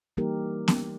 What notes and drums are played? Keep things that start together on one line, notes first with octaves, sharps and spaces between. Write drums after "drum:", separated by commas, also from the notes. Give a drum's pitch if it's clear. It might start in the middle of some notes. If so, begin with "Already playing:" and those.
E3 G3 A#3 D#4 G4 A#4
drum: snare B3